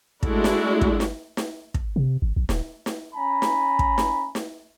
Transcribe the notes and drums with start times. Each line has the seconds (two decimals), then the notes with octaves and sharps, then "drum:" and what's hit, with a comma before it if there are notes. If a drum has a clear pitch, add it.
0.23 G#3 A3 D4 E4 F#4, drum: kick
0.44 drum: snare
0.81 drum: kick
1.00 drum: snare
1.37 drum: snare
1.74 drum: kick
1.96 C3
2.22 G#1
2.36 A#1
2.49 D#1, drum: snare
2.86 drum: snare
3.15 C#4 G#5 A#5 B5
3.42 drum: snare
3.79 drum: kick
3.98 drum: snare
4.35 drum: snare